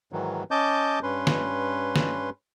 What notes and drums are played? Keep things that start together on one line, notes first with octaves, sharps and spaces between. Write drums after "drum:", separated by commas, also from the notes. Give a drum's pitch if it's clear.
G#2 D#3 E3 F#3
C#4 D#5 A5 D6 G6
G2 C#4 B4 C6
drum: snare
drum: snare